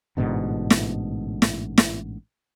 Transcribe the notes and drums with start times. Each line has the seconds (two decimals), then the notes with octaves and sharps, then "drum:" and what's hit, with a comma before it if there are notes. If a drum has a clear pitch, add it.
0.17 A1 G#2 B2 D3
0.70 drum: snare
1.42 drum: snare
1.78 drum: snare